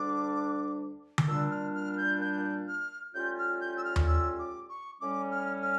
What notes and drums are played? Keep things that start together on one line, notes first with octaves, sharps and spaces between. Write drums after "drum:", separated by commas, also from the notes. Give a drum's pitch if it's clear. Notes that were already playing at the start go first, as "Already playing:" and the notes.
Already playing: D2 D3 G3 D4 D6
drum: tom D3
A#2 G3 D4 E6
F6
F6
F6
G6
G6
F6
A2 G3 C#4 F4 G6
F6
G6
E6
F6
drum: tom D#2
E6
D6
C#6
A2 G3 C#4 D6
F6
F6